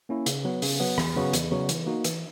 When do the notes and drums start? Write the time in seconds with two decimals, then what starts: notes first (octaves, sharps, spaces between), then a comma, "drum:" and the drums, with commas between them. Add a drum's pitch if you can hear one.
0.09 A#3 C#4 E4
0.26 C#3, drum: hi-hat
0.45 F#3 B3
0.62 C#3, drum: open hi-hat
0.80 F#3 B3
0.98 E2, drum: rim click
1.16 C#3 F#3 B3 F#4
1.33 E2, drum: hi-hat
1.51 C#3 F#3 B3 F#4
1.69 E3, drum: hi-hat
1.87 A#3 D#4 F#4
2.04 E3, drum: hi-hat